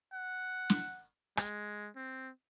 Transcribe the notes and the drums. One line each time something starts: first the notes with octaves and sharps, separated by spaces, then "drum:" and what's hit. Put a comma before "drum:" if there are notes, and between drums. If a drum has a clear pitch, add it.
F#5
drum: snare
G#3, drum: rim click
C4